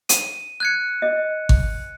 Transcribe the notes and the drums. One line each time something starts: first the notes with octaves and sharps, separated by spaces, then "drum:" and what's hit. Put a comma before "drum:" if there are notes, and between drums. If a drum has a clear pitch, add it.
D#7, drum: hi-hat
F#6 G#6 C#7
D#5
drum: kick G#1